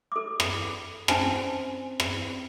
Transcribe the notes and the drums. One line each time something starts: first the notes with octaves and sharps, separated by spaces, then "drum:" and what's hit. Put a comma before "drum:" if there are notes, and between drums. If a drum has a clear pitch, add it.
A4 D6
drum: rim click
C4 C#4 G#5 A5, drum: rim click
drum: rim click